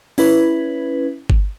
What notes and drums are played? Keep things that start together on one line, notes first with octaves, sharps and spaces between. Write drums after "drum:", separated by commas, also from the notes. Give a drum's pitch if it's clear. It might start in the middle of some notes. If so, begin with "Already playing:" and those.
C#4 E4 B4, drum: open hi-hat
drum: kick G1